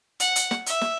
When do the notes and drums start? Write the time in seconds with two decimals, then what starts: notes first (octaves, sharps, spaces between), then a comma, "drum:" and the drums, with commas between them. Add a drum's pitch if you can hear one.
0.20 F#5, drum: hi-hat
0.36 drum: hi-hat
0.51 drum: snare
0.66 E5, drum: hi-hat
0.81 drum: snare